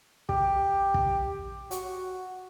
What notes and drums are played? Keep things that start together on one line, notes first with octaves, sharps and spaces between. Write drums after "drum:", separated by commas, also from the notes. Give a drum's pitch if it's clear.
G4, drum: kick
drum: kick
F#4, drum: hi-hat